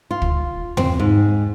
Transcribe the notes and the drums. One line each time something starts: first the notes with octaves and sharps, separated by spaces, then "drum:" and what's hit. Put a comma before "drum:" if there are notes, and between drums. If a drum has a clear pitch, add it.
F4
drum: kick
C4, drum: tom E2
G#2